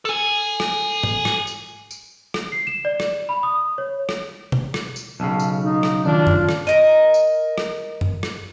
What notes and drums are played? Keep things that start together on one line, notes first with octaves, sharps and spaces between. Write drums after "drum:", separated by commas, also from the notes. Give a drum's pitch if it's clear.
A4 G#5
drum: rim click
drum: tom G#2
drum: rim click
drum: tambourine
drum: tambourine
drum: rim click
C7
E7
D5
drum: rim click
B5
D#6
C#5
drum: rim click
drum: tom B2
drum: rim click
drum: tambourine
B1 C#3 A5
drum: tambourine
D#4
drum: rim click
D#3 C#4 D4 F4
drum: tom F#2
drum: rim click
A#4 D#5
drum: tambourine
drum: rim click
drum: tom F#2
drum: rim click